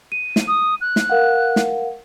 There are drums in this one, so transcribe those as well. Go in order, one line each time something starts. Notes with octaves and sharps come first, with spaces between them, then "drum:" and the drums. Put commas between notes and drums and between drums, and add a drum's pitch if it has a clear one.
D#7
drum: snare
D#6
F#6
drum: snare
A#4 F5 F#5
drum: snare